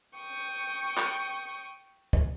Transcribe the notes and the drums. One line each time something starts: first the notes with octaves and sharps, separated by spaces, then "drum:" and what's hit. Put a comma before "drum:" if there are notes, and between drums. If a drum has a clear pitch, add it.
G5 C#6 D#6
drum: clap
drum: kick